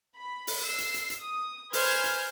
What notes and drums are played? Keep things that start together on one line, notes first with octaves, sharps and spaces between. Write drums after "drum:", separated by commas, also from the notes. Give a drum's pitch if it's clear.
B5
drum: open hi-hat
E6 C7
drum: hi-hat
drum: hi-hat
drum: hi-hat
D#6
B4 C5 G#5 F6 G#6, drum: open hi-hat
drum: hi-hat